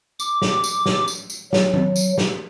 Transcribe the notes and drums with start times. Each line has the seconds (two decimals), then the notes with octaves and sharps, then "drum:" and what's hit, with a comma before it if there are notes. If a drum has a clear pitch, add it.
0.20 D6, drum: tambourine
0.42 drum: snare
0.64 drum: tambourine
0.86 drum: snare
1.08 drum: tambourine
1.30 drum: tambourine
1.53 F#3, drum: snare
1.74 drum: tom D#3
1.96 drum: tambourine
2.18 drum: snare